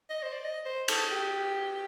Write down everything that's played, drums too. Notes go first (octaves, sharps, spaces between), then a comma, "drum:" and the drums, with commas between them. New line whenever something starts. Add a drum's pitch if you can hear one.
D#5
C5
D5
D#5
C5
A4, drum: cymbal
G4